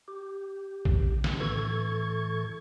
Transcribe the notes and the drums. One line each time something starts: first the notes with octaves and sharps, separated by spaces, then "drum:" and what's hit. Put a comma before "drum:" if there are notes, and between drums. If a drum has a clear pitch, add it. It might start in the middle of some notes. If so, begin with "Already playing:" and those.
G4
drum: kick A#1
drum: snare
A2 E3 A4 C#6 G#6